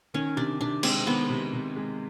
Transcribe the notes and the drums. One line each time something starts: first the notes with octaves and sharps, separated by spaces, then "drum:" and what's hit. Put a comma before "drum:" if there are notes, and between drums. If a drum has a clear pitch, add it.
D#3 C#4
C3 D4
C3 D4
G#3 C4, drum: cymbal
D#3 B3
C3
C3
G#3